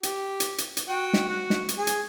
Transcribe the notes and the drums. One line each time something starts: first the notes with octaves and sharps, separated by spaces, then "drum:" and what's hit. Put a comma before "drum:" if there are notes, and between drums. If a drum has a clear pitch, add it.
G4, drum: hi-hat
drum: hi-hat
drum: hi-hat
drum: hi-hat
F#4 G5
drum: snare
F#4
drum: snare
drum: hi-hat
G#4 G#5
drum: hi-hat